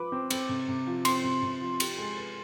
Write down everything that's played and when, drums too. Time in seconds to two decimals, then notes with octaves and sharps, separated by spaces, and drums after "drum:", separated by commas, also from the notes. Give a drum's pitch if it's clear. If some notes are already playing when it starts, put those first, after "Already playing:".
Already playing: F3 B4 D6
0.12 C4
0.30 C4, drum: cymbal
0.49 C3
0.68 C3
0.87 F3
1.05 C4 C6, drum: cymbal
1.24 C3
1.43 C3
1.61 F3
1.80 G4, drum: cymbal
1.98 G#3
2.17 B4